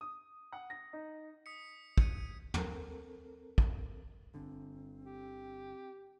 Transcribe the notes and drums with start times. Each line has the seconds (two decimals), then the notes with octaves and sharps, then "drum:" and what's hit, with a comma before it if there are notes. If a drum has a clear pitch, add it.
0.01 D#6
0.52 F#5
0.70 A#6
0.93 D#4
1.46 D#6 B6 C#7
1.98 G#6 C#7 D#7, drum: kick
2.54 C4 A4 A#4, drum: tom
3.58 drum: kick
4.34 G1 D3 C4
5.05 G4